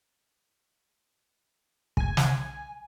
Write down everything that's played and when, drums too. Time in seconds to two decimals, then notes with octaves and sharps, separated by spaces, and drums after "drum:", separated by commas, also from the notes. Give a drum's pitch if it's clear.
1.97 B1 G#5 G#6, drum: kick
2.17 drum: snare